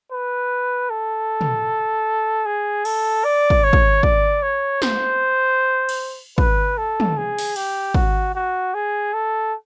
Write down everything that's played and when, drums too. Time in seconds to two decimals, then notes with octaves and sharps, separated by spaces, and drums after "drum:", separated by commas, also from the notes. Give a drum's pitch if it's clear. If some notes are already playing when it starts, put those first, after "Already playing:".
0.11 B4
0.90 A4
1.41 drum: tom
2.46 G#4
2.85 A4, drum: cymbal
3.24 D5
3.50 drum: kick
3.64 C#5
3.73 drum: kick
4.03 D5, drum: kick
4.42 C#5
4.82 C5, drum: snare
5.89 drum: cymbal
6.38 B4, drum: kick
6.77 A4
7.00 drum: tom
7.17 G#4
7.38 drum: open hi-hat
7.56 G4, drum: cymbal
7.94 F#4, drum: kick
8.35 F#4
8.74 G#4
9.13 A4